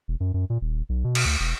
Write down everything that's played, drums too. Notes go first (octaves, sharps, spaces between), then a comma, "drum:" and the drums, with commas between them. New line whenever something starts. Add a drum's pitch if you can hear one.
E1
F#2
F#2
A#2
D#1
B1
B2
drum: cymbal
D2
E1